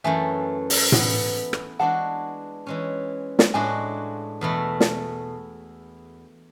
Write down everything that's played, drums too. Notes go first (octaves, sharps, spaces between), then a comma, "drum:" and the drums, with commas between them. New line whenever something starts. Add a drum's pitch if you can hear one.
F#2 E3 A3 E5 G#5
drum: open hi-hat
E3 B3 E4, drum: tom A2
drum: rim click
E3 G#3 D4 F#4 F#5 A5
E3 G#3 C#4
drum: snare
A2 G#3 D4 F#4 E5 G#5
E2 B2 A3 E4
drum: snare